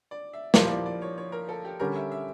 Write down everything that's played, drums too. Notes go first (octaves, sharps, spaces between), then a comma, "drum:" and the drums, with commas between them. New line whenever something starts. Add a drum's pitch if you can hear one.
D5
E5
F3 A#3 E4 G4 D5, drum: snare
D5
D5
C#5
C#5
A#4
A4
G4
D3 G3 C#4 G4 A#4
E5
E5